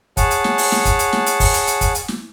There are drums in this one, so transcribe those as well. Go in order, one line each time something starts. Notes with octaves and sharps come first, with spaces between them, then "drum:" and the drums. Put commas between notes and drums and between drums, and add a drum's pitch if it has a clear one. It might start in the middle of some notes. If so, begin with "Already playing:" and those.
G#4 C#5 F#5 A5, drum: kick, hi-hat
drum: hi-hat
drum: snare
drum: open hi-hat
drum: snare
drum: kick, hi-hat
drum: hi-hat
drum: snare
drum: hi-hat
drum: kick, open hi-hat
drum: hi-hat
drum: hi-hat
drum: kick, hi-hat
drum: hi-hat
drum: snare